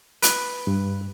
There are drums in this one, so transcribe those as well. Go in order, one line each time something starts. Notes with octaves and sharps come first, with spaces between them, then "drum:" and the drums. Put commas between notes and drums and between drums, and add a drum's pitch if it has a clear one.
B4, drum: hi-hat
G2